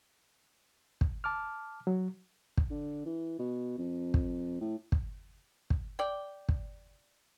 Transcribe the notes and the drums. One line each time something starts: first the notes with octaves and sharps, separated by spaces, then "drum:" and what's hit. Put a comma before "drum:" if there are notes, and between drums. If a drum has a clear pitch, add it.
drum: kick
A5 D6 F6
F#3
drum: kick
D3
E3
B2
F2
drum: kick
A2
drum: kick
drum: kick
D5 G5
drum: kick